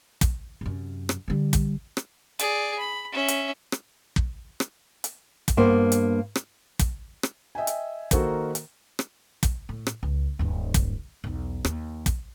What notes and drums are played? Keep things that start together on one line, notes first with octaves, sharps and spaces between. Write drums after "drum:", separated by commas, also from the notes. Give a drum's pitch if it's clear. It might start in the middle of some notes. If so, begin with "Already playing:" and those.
drum: kick, hi-hat
F#2 C3
drum: rim click
D3 G3
drum: kick, hi-hat
drum: rim click
G#4 D5, drum: hi-hat
B5
C#4 E5
drum: hi-hat
drum: rim click
drum: kick
drum: rim click
drum: hi-hat
drum: kick, hi-hat
G2 A#3 B3 C5
drum: hi-hat
drum: rim click
drum: kick, hi-hat
drum: rim click
D#5 E5 G5 G#5
drum: hi-hat
D#3 A#3 F#4 A4 A#4 C5, drum: kick, hi-hat
drum: hi-hat
drum: rim click
drum: kick, hi-hat
A2
drum: rim click
C#2
D1 G2
drum: kick, hi-hat
B1 E2
D#2, drum: rim click
drum: kick, hi-hat